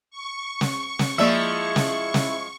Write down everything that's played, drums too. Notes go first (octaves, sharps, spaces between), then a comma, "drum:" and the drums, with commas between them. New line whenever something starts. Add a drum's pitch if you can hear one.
C#6
drum: snare
drum: snare
F3 G#3 A#3 E4 D5 E5 E6
drum: snare
drum: snare